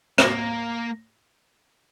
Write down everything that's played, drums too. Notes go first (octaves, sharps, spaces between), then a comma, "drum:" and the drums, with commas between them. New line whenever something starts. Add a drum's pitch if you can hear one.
A#3, drum: rim click